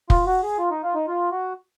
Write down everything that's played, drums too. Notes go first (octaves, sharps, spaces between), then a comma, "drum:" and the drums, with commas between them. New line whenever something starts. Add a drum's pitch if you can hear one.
F4, drum: kick
F#4
G#4
F4
D#4
F4
D#4
F4
F#4